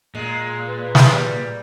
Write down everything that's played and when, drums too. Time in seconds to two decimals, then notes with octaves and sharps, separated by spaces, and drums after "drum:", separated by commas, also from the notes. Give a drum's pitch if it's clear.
0.15 A#2 G#3
0.68 B4
0.95 drum: snare
1.08 G3